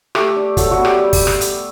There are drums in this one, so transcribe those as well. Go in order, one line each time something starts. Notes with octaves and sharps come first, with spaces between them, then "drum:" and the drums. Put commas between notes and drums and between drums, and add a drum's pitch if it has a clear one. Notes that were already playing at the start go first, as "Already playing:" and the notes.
A3 G4, drum: rim click
D4
F#3 A4, drum: kick, hi-hat
F#4
B3 D4
G4, drum: rim click
G3
drum: kick, open hi-hat
drum: rim click
drum: hi-hat